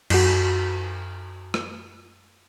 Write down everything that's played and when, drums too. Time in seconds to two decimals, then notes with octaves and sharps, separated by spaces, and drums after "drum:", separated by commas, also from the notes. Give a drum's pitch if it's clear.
0.10 F#2 F#4, drum: cymbal
1.54 drum: rim click